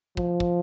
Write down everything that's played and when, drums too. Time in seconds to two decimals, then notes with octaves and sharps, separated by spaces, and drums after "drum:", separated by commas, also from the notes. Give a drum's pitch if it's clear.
0.17 F3, drum: kick
0.40 drum: kick